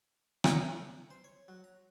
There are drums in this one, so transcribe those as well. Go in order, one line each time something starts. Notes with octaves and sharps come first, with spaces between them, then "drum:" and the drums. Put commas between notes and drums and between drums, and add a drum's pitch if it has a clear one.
drum: rim click
C5
C#5
F#3
A#5